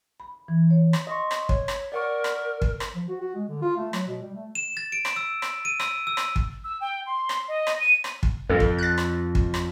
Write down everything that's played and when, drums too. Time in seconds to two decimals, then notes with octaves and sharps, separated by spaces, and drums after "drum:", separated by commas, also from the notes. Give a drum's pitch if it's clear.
0.20 B5
0.48 E3
0.71 C#5
0.93 drum: rim click
1.07 D#5 C6 C#6
1.31 drum: rim click
1.49 C#5, drum: kick
1.68 drum: rim click
1.92 A#4 D5 F#5 C#6
2.24 drum: rim click
2.62 drum: kick
2.80 drum: rim click
2.95 F3
3.08 F#4
3.21 F#4
3.35 G#3
3.49 D3
3.62 F4
3.77 A3
3.93 F#3, drum: rim click
4.08 B2
4.22 G3
4.34 A3
4.55 E7
4.77 A6
4.92 D7
5.05 drum: rim click
5.16 E6
5.42 drum: rim click
5.65 D#7
5.80 E6, drum: rim click
6.07 E6
6.17 drum: rim click
6.36 drum: kick
6.64 E6
6.81 G5
7.06 C6
7.29 drum: rim click
7.48 D#5
7.67 drum: rim click
7.80 D#7
8.04 drum: rim click
8.23 drum: kick
8.50 F2 A4
8.60 drum: kick
8.78 F#6 A6
8.98 drum: rim click
9.35 drum: kick
9.54 drum: rim click